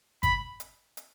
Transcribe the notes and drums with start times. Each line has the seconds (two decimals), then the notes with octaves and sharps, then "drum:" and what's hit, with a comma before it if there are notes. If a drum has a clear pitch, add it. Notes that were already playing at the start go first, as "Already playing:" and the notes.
0.23 B5, drum: kick G#1, hi-hat
0.60 drum: hi-hat
0.97 drum: hi-hat